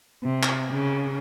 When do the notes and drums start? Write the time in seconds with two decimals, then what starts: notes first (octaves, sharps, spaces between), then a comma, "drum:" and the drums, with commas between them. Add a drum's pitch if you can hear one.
0.23 C3
0.43 drum: clap
0.70 C#3